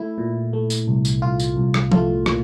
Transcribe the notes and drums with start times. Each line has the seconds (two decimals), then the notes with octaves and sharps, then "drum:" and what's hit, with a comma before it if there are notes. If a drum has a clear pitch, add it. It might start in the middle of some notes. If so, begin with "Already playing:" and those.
Already playing: A3 E4
0.18 A#2
0.53 A3
0.70 drum: tambourine
0.88 C2
1.05 drum: tambourine
1.22 C2 F4
1.40 drum: tambourine
1.57 C2
1.74 drum: rim click
1.92 A3 F4, drum: tom
2.26 A#2, drum: rim click